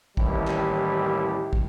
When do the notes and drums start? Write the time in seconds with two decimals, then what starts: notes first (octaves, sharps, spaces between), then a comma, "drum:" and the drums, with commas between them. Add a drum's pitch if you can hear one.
0.17 A1 D#2 D#3 G3 E4 G4, drum: kick
0.47 drum: clap
1.53 drum: kick